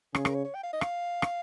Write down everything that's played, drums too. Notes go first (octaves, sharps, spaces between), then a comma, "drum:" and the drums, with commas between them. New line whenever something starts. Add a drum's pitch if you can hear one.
C#3 G#4, drum: rim click
A#4, drum: rim click
C#5
C#5
G5
F5
D#5
F5, drum: rim click
drum: rim click